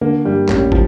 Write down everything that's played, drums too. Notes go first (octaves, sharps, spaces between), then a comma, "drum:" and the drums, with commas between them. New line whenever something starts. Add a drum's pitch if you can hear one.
D3 A#3
G2 G3
A1 G3, drum: clap
F3, drum: kick